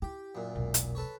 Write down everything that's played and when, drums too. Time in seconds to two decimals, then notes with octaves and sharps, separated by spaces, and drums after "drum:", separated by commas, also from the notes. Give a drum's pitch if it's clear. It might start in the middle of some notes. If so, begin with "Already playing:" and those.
0.02 E4 G4
0.35 F#2 A#2
0.56 E1 B1
0.74 drum: hi-hat
0.95 A4 B4 C#5